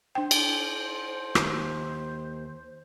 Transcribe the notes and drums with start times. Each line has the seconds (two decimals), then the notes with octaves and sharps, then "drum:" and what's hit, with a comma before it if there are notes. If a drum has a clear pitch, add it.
0.15 D4 C5 G5
0.31 drum: cymbal
1.35 D#2, drum: rim click